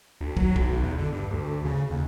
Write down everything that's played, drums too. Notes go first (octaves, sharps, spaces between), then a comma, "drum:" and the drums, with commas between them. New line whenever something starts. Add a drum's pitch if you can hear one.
D2
F#3, drum: kick
B1, drum: kick
E2
D3
G2
D2
C#3
D#2